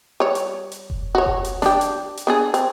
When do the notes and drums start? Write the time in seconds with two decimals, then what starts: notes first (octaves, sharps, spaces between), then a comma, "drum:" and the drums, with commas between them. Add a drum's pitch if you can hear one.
0.20 G3 C#5
0.35 drum: hi-hat
0.72 drum: hi-hat
0.90 drum: kick F1
1.15 F#4 C#5
1.26 drum: kick F1
1.44 drum: hi-hat
1.62 D4 G4, drum: snare
1.81 drum: hi-hat
2.17 drum: hi-hat
2.27 B3 D4 G#4
2.54 C4, drum: hi-hat